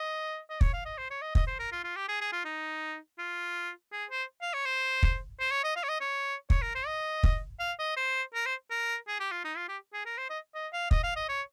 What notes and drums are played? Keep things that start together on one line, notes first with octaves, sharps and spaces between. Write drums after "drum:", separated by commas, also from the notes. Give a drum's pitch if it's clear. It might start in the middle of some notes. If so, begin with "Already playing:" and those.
Already playing: D#5
D#5
C#5, drum: kick
F5
D#5
C5
C#5
D#5
D#5, drum: kick
C5
A#4
F4
F4
G4
G#4
G#4
F4
D#4
F4
G#4
C5
F5
C#5
C5
drum: kick
C5
C#5
D#5
F5
C#5
D#5
C#5
C#5, drum: kick
A#4
C5
D#5
drum: kick
F5
D#5
C5
A#4
C5
A#4
G#4
G4
F4
D#4
F4
G4
G#4
A#4
C5
D#5
D#5
F5
D#5, drum: kick
F5
D#5
C#5